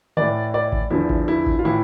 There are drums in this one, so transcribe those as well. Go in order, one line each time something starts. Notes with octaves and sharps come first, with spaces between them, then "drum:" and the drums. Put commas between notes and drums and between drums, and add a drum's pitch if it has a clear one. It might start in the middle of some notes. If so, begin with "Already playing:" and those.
A2 E3 D5
D5
drum: kick G#1
E2 D3 F3 E4
drum: kick G#1
E4
drum: kick G#1
F4
A2 E3 E4